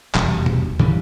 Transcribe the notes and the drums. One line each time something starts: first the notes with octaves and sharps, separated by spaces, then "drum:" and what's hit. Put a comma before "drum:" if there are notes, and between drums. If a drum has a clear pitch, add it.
F1 E2 B2 G3, drum: clap
drum: tom
C#3 E3 G3, drum: tom